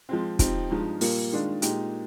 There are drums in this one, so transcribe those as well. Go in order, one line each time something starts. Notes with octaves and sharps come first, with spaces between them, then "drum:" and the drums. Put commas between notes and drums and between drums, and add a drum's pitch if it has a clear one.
F3 G#3 C4
F3 C4 D#4 G4, drum: kick, hi-hat
G2 F3 G#3 D#4
A#2 G3 A#3 F4, drum: open hi-hat
D#3 G#3 D4 F4
A#2 G#3 D#4 G4, drum: hi-hat